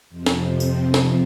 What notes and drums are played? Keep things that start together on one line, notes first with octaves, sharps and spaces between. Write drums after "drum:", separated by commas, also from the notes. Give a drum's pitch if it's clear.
F2 C3 F3
drum: snare
drum: tambourine
drum: snare